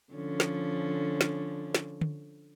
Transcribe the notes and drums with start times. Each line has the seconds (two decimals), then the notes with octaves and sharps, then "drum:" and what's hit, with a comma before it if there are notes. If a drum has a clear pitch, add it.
0.13 D3 F3 C#4
0.40 drum: snare
1.21 drum: snare
1.75 drum: snare
2.01 drum: tom